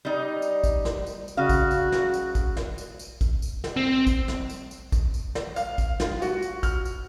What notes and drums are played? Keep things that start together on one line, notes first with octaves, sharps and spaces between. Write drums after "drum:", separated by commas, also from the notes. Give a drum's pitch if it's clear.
G3 D#4
drum: tambourine
drum: kick, tambourine
drum: snare
drum: tambourine
drum: tambourine
C#3 F#4 F5
drum: kick, tambourine
drum: tambourine
drum: snare
drum: tambourine
drum: kick, tambourine
drum: snare
drum: tambourine
drum: tambourine
drum: kick, tambourine
drum: tambourine
drum: snare
C4
drum: kick, tambourine
drum: snare
drum: tambourine
drum: tambourine
drum: kick, tambourine
drum: tambourine
drum: snare
F5, drum: tambourine
drum: kick, tambourine
F4, drum: snare
F#4, drum: tambourine
drum: tambourine
F6, drum: kick, tambourine
drum: tambourine